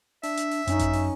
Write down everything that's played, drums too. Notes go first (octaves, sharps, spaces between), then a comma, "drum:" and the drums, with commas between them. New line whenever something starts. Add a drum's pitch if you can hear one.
D4 E5, drum: open hi-hat
drum: hi-hat
drum: open hi-hat
F#2 C#4 D#4, drum: hi-hat
drum: kick G#1, hi-hat
drum: open hi-hat